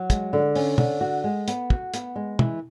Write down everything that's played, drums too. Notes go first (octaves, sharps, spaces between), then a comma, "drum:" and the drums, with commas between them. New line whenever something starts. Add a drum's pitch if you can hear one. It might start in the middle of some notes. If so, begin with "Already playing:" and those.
Already playing: F#3
G#3, drum: kick, hi-hat
D3
C#4, drum: open hi-hat
D3, drum: tom
F#4
G#3
B3, drum: hi-hat
F#4, drum: kick
B3, drum: hi-hat
G#3
E3, drum: tom